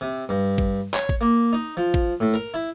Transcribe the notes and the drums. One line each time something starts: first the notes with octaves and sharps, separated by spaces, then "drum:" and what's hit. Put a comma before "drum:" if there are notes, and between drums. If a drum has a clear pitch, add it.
C3
G2
drum: kick
C#5, drum: clap
drum: kick
A#3
D#4
F3
drum: kick
A2
A#4
E4